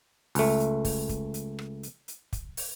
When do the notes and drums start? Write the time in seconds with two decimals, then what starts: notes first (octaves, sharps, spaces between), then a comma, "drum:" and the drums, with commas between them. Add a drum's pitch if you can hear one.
0.35 C#2 A3, drum: open hi-hat
0.60 drum: hi-hat
0.85 drum: kick, open hi-hat
1.09 drum: kick, hi-hat
1.34 drum: hi-hat
1.59 drum: rim click
1.83 drum: hi-hat
2.08 drum: hi-hat
2.33 drum: kick, hi-hat
2.57 drum: open hi-hat